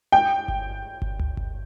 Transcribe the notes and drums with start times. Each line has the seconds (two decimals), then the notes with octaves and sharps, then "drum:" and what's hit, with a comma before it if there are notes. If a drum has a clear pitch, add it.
0.12 G5
0.48 drum: kick G1
1.02 drum: kick G1
1.20 drum: tom C#2
1.37 drum: kick G1